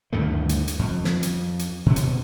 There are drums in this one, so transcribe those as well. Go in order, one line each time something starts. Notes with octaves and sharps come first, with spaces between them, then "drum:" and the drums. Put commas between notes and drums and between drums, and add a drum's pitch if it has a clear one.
D2 G2 D#3 A3
drum: hi-hat
drum: hi-hat
F2
drum: snare
drum: hi-hat
drum: hi-hat
B2 C#4
drum: hi-hat